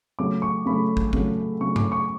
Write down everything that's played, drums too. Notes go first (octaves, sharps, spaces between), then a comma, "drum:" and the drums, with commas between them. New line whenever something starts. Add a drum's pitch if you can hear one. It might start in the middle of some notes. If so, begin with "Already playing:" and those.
C#3 F#3 A3 D6
C#6
C#3 F#3 A3 B5
drum: kick
C#3 F#3 A3, drum: kick
C#3 F#3 A3 C#6
D6, drum: tom G2
C#6